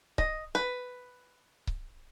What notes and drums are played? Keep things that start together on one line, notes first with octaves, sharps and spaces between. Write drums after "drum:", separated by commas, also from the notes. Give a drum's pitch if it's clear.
D#5, drum: kick C#1
B4
drum: kick C#1